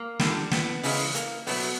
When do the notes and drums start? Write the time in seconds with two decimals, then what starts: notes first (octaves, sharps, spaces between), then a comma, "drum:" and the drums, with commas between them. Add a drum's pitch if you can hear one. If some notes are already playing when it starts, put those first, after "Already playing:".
Already playing: A#3
0.19 D3 G3, drum: snare
0.51 B3, drum: snare
0.83 C#3 E3 G#3, drum: open hi-hat
1.15 A#3, drum: hi-hat
1.47 B2 F#3 A3 B3, drum: open hi-hat